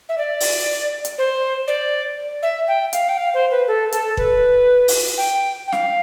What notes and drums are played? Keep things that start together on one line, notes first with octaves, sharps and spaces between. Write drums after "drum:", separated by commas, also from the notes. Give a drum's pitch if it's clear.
E5
D5
drum: open hi-hat
drum: hi-hat
C5
D5
E5
G5
F5, drum: hi-hat
G5
F5
C5
B4
A4
A4, drum: hi-hat
B4, drum: kick
drum: open hi-hat
G5
G5
F5, drum: snare